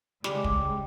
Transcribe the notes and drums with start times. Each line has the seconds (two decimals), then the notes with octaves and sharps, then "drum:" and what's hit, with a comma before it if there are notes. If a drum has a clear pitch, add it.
0.24 C#3 G3 G#3 G4 D5, drum: snare
0.44 drum: kick